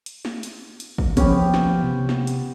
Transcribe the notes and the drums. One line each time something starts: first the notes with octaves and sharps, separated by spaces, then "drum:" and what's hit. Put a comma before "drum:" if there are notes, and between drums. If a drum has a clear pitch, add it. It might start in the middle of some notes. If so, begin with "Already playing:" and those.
drum: hi-hat
drum: snare
drum: hi-hat
drum: hi-hat
drum: kick
F3 B3 C#4 G4, drum: kick, hi-hat
drum: snare
C3
drum: snare
drum: hi-hat